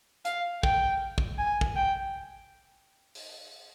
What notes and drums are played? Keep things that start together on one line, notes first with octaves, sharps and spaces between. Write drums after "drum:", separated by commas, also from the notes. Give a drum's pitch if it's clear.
F5, drum: hi-hat
G5, drum: kick
drum: kick
G#5
drum: kick
G5
drum: open hi-hat